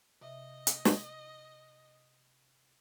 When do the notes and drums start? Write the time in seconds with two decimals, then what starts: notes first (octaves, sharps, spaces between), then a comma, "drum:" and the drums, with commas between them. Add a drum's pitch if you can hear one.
0.21 C3 D#5 E5
0.67 drum: hi-hat
0.85 drum: snare